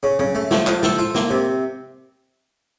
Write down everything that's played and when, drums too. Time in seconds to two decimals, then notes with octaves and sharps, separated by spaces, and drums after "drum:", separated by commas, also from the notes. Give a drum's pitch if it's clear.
0.03 C#3
0.19 C#3, drum: tom
0.35 A3
0.51 F3, drum: snare
0.67 F3, drum: clap
0.83 A4, drum: snare
0.99 F4
1.15 A#3, drum: snare
1.30 C3